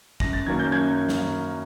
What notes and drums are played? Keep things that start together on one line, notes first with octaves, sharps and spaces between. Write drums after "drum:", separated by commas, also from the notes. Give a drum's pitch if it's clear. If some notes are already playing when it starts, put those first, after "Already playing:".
F#2 A#6, drum: kick
A6
D#3 F#3 A#3 C#4 G#6
G6
F#2 G#6
drum: snare